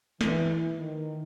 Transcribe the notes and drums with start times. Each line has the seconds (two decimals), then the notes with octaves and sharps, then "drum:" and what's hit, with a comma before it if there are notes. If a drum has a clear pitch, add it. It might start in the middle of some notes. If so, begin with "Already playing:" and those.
0.21 E3, drum: snare
0.77 D#3